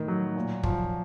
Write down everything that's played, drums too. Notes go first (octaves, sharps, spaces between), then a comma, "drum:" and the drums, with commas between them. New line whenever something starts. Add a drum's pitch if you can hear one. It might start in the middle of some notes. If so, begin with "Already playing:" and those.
Already playing: A2 D#3
F#3
A#2
F3, drum: kick